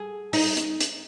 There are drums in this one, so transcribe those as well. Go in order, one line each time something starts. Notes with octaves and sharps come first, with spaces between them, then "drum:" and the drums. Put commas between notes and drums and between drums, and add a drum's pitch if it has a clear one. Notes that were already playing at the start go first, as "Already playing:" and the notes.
Already playing: G#4
D#4, drum: open hi-hat
drum: hi-hat
drum: hi-hat